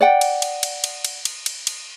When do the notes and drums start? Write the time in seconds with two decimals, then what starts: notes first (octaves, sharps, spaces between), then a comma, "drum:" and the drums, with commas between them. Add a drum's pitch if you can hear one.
0.01 D5 F#5 G5
0.21 drum: cymbal
0.42 drum: cymbal
0.63 drum: cymbal
0.84 drum: cymbal
1.05 drum: cymbal
1.25 drum: cymbal
1.46 drum: cymbal
1.67 drum: cymbal